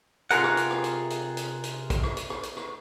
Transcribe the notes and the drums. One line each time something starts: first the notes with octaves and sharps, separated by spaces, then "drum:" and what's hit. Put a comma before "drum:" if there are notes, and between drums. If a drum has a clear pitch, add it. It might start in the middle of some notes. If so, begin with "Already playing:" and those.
C3 F4 G#4 A#4 F#5, drum: hi-hat
drum: rim click
drum: hi-hat
drum: rim click
drum: hi-hat
drum: hi-hat
drum: hi-hat
drum: hi-hat
drum: kick A#1, hi-hat
drum: rim click
drum: hi-hat
drum: rim click
drum: hi-hat
drum: rim click